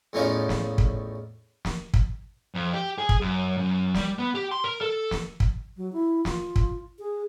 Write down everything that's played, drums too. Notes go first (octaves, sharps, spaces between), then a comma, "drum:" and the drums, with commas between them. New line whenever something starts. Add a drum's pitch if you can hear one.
E2 A2 F3 C#4 D#4 F4
drum: snare
drum: kick
drum: snare
drum: kick
F2
G4
G#4
drum: kick
F#2
F#2
G3, drum: snare
B3
G4
C6
A#4
A4
drum: snare
drum: kick
F#3
E4
F4, drum: snare
drum: kick
G#4